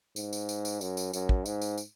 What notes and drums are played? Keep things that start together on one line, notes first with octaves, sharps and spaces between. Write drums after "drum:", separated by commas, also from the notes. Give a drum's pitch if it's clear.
G#2, drum: tambourine
drum: tambourine
drum: tambourine
drum: tambourine
F#2, drum: tambourine
drum: tambourine
F#2, drum: tambourine
drum: kick
G#2, drum: tambourine
drum: tambourine
drum: tambourine